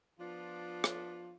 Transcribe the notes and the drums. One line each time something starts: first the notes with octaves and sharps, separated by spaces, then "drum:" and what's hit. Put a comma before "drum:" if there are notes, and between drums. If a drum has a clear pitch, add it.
F3 B3 D4 F4
drum: rim click